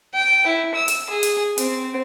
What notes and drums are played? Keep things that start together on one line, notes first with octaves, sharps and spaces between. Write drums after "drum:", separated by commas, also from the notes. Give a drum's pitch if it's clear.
G5
E4
E6
drum: hi-hat
G#4
drum: hi-hat
C4, drum: hi-hat